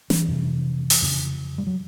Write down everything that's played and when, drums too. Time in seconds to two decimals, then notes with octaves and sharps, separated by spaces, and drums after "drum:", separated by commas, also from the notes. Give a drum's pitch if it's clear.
0.10 E3, drum: snare
0.28 F2 C3
0.90 drum: open hi-hat
1.02 F2 C#3
1.58 G3
1.67 F#3